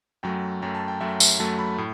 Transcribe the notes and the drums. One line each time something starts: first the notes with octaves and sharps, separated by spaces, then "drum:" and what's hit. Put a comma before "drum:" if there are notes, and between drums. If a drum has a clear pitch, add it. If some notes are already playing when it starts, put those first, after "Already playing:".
F#2 F#3 A3 G5
F#2 F#3 A3 G5
A5
G5
F#2 F#3 A3 E5
E5, drum: tambourine
F#2 F#3 A3 A5
B5
A2